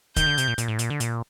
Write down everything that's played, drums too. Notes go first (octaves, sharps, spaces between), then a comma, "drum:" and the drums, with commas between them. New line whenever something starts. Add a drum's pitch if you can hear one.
D#3 G6, drum: kick, hi-hat
D3
C3, drum: hi-hat
A#2
A#2, drum: hi-hat
A2
A#2, drum: hi-hat
D3
A#2, drum: hi-hat